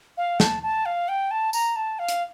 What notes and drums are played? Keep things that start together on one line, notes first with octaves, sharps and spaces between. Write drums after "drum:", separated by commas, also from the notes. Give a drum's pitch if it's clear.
F5
A5, drum: snare
A5
F5
G5
A5
A#5, drum: tambourine
A5
F5
drum: hi-hat